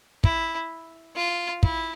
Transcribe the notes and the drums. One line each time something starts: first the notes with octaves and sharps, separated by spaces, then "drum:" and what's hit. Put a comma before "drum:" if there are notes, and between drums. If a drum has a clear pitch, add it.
E4, drum: kick
F4
E4, drum: kick